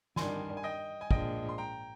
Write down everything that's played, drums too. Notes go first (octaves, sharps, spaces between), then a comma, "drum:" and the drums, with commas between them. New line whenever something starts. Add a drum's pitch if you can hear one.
G2 D#3 G3 D4 G#5 C6, drum: snare
G#5
D#5 G5
G#5
A#2 F3 G#3 D4 D#5 G5, drum: kick
C6
G5 A#5